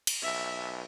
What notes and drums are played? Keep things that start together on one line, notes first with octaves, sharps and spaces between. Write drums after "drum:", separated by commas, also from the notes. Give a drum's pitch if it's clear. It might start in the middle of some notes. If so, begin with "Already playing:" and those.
drum: cymbal
B1 E5